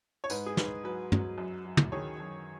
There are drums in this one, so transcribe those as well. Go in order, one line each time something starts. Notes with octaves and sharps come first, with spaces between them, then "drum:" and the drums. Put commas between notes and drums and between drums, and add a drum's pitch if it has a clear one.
C#5
G#2 B4, drum: tambourine
G#4
G#2 B4, drum: snare
F#3 B4
F#3, drum: tom
F#2
F#3
drum: tom
D#3 G#4 C#5
F#2